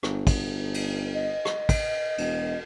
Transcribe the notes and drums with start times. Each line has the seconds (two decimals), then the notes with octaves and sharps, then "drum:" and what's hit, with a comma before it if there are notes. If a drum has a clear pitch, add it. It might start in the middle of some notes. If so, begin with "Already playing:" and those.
0.03 G1, drum: rim click
0.27 drum: kick, cymbal
0.74 drum: cymbal
1.14 D#5
1.45 drum: rim click
1.69 drum: kick, cymbal
2.18 E1, drum: cymbal